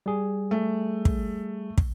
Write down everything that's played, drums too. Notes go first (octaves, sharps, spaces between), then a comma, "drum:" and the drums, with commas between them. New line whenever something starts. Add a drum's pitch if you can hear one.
G3 G#4
A3
drum: kick
drum: kick